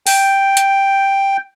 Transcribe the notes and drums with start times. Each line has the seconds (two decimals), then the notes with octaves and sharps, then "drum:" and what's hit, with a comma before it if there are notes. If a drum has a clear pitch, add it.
0.07 G5, drum: open hi-hat
0.57 drum: hi-hat